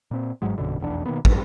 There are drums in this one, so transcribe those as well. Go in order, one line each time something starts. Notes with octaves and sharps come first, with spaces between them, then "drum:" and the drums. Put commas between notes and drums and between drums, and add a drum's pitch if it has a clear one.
A#2 C4
G1 G#2 F#3 G#3
A#1 F#2 B2 D3
F1 B1 E2 D4
B2 D#3 A#3 B3
G2, drum: kick